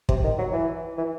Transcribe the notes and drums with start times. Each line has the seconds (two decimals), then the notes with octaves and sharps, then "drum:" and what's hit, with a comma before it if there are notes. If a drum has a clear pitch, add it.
0.09 C3, drum: kick
0.24 D#3
0.38 F#3
0.53 E3
0.98 E3